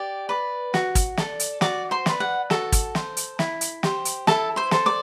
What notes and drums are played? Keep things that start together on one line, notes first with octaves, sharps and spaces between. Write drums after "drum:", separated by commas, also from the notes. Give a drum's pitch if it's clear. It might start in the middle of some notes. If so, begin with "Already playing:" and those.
Already playing: G4 D5
B4 D5
F#4, drum: snare
drum: kick, hi-hat
A4 D5, drum: snare
drum: hi-hat
F#4 D5 D6, drum: snare
C5 C6
B4 D5, drum: snare
F#5
F#4 A4 A5, drum: snare
drum: kick, hi-hat
C5, drum: snare
drum: hi-hat
E4, drum: snare
drum: hi-hat
G4 C5, drum: snare
drum: hi-hat
E4 A4 A5, drum: snare
C5 C6
A4 C5, drum: snare
D5 D6